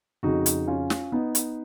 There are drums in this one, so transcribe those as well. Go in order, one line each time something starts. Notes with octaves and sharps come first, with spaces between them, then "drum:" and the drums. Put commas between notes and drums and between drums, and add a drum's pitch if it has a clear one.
F2 C#3 D#4 F#4
drum: hi-hat
C#4 F4
drum: snare
B3 D#4
drum: hi-hat